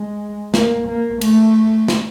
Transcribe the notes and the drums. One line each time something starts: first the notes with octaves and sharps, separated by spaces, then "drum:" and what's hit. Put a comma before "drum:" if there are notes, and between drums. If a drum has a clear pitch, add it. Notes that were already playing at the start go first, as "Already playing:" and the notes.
Already playing: G#3
A#3, drum: snare
A#3
A3, drum: cymbal
drum: snare